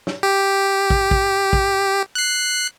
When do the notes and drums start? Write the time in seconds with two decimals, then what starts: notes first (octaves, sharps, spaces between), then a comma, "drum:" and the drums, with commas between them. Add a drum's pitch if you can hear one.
0.07 drum: snare
0.23 G4
0.90 drum: kick
1.11 drum: kick
1.53 drum: kick
2.15 F#6 C7